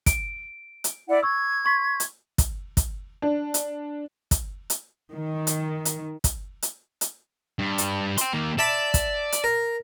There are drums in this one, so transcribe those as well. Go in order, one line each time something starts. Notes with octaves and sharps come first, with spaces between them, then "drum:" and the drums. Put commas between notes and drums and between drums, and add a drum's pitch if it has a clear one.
D7, drum: kick, hi-hat
drum: hi-hat
E4 D5 F#5
C#6 E6 G#6
C6 C#6 B6
drum: hi-hat
drum: kick, hi-hat
drum: kick, hi-hat
D4
drum: hi-hat
drum: kick, hi-hat
drum: hi-hat
D#3
drum: hi-hat
drum: hi-hat
drum: kick, hi-hat
drum: hi-hat
drum: hi-hat
G2
drum: hi-hat
G5 C6, drum: hi-hat
D#3 A#3
D5 E5 A5 B5
drum: kick, hi-hat
drum: hi-hat
A#4